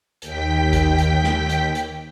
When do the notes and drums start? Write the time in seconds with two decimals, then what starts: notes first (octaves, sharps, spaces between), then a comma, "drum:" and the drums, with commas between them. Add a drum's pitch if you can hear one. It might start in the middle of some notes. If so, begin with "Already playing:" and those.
0.22 D#2 G5 B6, drum: hi-hat
0.73 drum: kick A1, hi-hat
0.98 drum: hi-hat
1.24 drum: snare
1.50 drum: hi-hat
1.75 drum: hi-hat